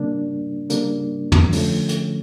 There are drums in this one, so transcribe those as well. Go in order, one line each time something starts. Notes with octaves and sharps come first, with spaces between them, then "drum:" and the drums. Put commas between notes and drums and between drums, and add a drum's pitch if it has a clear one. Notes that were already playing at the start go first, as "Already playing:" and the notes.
Already playing: C#3 G3 A#3 D4
C#3 G3 A#3 D4, drum: hi-hat
drum: tom
D3 F3 A3 C#4, drum: open hi-hat
drum: hi-hat